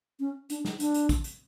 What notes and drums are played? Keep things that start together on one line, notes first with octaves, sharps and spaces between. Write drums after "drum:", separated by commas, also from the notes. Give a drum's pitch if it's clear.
C#4
D4, drum: hi-hat
drum: snare
D4, drum: hi-hat
drum: hi-hat
drum: kick, hi-hat
drum: hi-hat